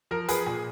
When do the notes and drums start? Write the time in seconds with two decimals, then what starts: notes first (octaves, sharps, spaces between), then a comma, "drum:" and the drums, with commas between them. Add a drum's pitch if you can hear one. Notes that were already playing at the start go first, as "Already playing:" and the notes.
0.11 F3 A#4
0.28 F3 G#4 B4, drum: hi-hat
0.46 A#2 G#4